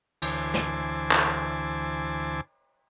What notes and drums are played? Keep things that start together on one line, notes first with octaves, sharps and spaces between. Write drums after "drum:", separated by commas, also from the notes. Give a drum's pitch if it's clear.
D2 E3 C5 G#5 A5 D6, drum: cymbal
drum: snare
drum: clap